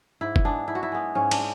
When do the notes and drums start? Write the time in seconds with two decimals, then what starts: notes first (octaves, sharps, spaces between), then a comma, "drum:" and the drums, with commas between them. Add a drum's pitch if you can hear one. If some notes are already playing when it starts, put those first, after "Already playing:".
0.21 G#2 E4
0.36 drum: kick F#1
0.45 G#3 B3 D4
0.68 G#2 E4
0.75 F#4
0.83 E4
0.92 G#3 B3
1.15 G#2 C#4
1.31 D4, drum: cymbal
1.39 G#3